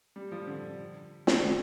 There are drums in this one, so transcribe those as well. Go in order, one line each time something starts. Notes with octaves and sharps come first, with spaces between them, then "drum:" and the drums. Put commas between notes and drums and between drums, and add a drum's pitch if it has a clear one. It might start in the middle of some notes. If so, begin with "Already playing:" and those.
G3
F3
D3
drum: snare
D3